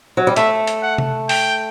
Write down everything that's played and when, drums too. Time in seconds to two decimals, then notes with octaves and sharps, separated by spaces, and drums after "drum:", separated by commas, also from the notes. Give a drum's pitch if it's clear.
0.17 F#3
0.27 G3
0.36 A3 E5, drum: hi-hat
0.67 drum: hi-hat
0.83 F#5
0.98 drum: tom C3
1.29 G5, drum: open hi-hat